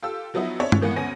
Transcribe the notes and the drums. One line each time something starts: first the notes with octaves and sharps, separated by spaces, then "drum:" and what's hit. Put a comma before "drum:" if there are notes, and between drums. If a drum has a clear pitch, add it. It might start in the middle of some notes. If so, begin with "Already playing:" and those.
F4 G4 A4 E6
F3 F#3 B3 D#4 E4
C4 D4 G#4 C#5 E5
drum: tom
A2 E3 A#3 B3 F#5
D2 B3 C#4 G#5 A#6 D#7